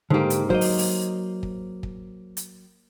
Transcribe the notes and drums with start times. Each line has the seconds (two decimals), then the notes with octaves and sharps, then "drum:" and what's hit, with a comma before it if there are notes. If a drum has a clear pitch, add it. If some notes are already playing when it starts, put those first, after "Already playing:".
0.10 G#2 D3 A#3 G4
0.30 drum: hi-hat
0.50 F#3 A#3 C5 D#5, drum: kick
0.61 drum: open hi-hat
0.78 drum: open hi-hat
1.43 drum: kick
1.83 drum: kick
2.37 drum: hi-hat